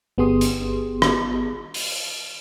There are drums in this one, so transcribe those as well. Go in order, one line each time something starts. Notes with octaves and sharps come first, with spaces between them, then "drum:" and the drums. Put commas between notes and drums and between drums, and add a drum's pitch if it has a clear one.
G1 B3 G4 G#4 C6 D#6
drum: hi-hat
drum: rim click
drum: open hi-hat